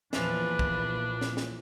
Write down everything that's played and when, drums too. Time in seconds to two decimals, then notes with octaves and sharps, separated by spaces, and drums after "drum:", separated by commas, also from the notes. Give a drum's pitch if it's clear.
0.13 E2 A#2 E3 F3 D4 B4, drum: snare
0.59 drum: kick
1.21 drum: snare
1.37 drum: snare